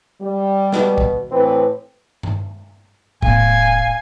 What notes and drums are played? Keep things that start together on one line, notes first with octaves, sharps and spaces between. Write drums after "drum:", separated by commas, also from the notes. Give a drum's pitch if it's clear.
G3
B2, drum: snare
drum: kick
A2 E3 C4 B4
drum: tom G2
E1 A2 B3 F5 G#5, drum: kick